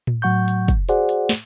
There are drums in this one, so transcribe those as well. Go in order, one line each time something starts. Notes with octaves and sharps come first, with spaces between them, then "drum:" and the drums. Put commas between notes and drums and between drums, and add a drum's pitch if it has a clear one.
drum: tom A2
A2 F#3 F#5 C#6 G6
drum: hi-hat
drum: kick, hi-hat
F#4 G#4 C5 D5 F#5, drum: hi-hat
drum: hi-hat
drum: snare